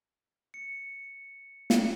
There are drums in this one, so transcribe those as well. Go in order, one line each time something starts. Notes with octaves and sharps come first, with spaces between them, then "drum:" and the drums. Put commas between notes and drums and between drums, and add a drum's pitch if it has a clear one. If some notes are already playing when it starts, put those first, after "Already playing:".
C#7
drum: snare